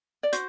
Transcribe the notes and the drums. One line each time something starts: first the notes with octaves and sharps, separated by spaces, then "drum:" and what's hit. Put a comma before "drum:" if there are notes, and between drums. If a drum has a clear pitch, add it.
D5
F#4 C5, drum: hi-hat